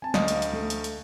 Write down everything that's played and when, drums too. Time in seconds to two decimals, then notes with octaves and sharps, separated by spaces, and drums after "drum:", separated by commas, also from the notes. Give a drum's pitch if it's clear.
0.02 C4 G#5 A5
0.14 D2 D#5 F5 D#6, drum: snare
0.28 drum: hi-hat
0.42 drum: hi-hat
0.53 A3
0.70 drum: hi-hat
0.84 drum: hi-hat